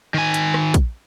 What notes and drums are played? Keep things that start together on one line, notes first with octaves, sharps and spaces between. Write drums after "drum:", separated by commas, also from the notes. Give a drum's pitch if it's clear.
D#3 G#5
drum: hi-hat
drum: rim click
drum: kick, hi-hat